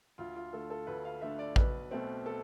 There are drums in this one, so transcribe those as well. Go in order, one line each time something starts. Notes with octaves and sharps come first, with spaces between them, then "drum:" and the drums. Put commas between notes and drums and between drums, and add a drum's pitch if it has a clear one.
D2 F4
F4
D3 A3 A4
A4
D2 B4
F5
D3 A3 E5
D5
B1 B4, drum: kick A1
B2 A3 C4
A4